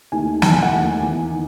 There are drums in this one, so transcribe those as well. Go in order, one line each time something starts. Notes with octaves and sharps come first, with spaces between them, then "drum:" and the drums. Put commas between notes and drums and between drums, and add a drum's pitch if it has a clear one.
D#2 D#3 A3 G#5
E1 A5, drum: snare
G#5
F#5
D#2 D#3 A3 G#5
E2
D#3